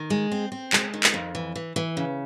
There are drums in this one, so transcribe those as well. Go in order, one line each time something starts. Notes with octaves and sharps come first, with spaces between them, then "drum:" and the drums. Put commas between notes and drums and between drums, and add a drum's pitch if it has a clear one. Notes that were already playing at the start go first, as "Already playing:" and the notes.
Already playing: D#3
G#3
C4
C4
G#3, drum: clap
D#3
drum: clap
F2
E3
E3
E3
C#3